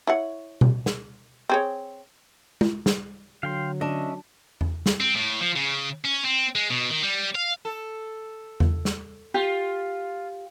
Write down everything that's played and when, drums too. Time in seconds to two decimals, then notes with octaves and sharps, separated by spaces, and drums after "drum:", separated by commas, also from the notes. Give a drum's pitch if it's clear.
0.07 E4 C#5 F#5
0.61 drum: tom B2
0.86 drum: snare
1.49 C4 G#4 C#5
2.61 drum: tom
2.86 drum: snare
3.43 D3 F#3 F5 G5 C6
3.81 C#4 D4 D#5 E5
4.61 drum: tom E2
4.86 drum: snare
5.01 C4
5.15 A2
5.41 F3
5.56 C#3
6.05 C#4
6.25 C4
6.56 G#3
6.70 B2
6.90 D#3
7.03 G3
7.35 F5
7.65 A4
8.60 drum: tom E2
8.85 drum: snare
9.34 F4 G4